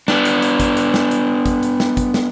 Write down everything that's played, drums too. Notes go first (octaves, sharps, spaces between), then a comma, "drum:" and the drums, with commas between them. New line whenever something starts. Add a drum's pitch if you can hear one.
B3 D4, drum: snare
drum: hi-hat
drum: hi-hat
drum: kick, hi-hat
drum: hi-hat
drum: snare
drum: hi-hat
drum: kick, hi-hat
drum: hi-hat
drum: snare
drum: kick, hi-hat
drum: snare